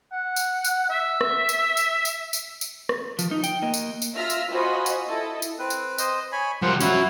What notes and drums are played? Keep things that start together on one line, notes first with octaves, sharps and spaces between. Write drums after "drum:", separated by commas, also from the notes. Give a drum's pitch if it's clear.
F#5
drum: tambourine
drum: tambourine
E5
drum: rim click
drum: tambourine
drum: tambourine
drum: tambourine
drum: tambourine
drum: tambourine
drum: rim click
F3, drum: tambourine
D#4
G5, drum: tambourine
A#3 D#5
drum: tambourine
drum: tambourine
F4 E5 E6 F6 A#6 B6
drum: tambourine
F4 F#4 C5 D#5 G#5 B5
drum: tambourine
E4 A4 D#5
drum: tambourine
C4 B4
drum: tambourine
C5 D#5, drum: tambourine
C#5 G#5 B5
F3 G3 A#4 C5 F#5
C#4 E4 F#4, drum: tambourine